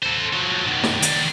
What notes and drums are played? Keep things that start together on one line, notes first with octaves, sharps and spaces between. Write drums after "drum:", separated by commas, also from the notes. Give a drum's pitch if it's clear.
A4 C5
F3 F#3
B2 D#3
drum: snare
D#3 D4, drum: hi-hat